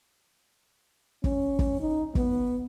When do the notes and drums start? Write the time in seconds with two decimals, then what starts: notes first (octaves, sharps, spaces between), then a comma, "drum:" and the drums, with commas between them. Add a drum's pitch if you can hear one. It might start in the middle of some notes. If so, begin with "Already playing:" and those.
1.24 C#4, drum: kick
1.59 drum: kick
1.81 D#4
2.15 B3, drum: kick